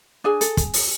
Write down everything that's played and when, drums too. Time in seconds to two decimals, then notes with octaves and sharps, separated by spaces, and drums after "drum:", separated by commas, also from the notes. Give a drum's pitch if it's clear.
0.24 D4 G#4 G#5
0.41 A4, drum: hi-hat
0.57 drum: kick, hi-hat
0.74 drum: open hi-hat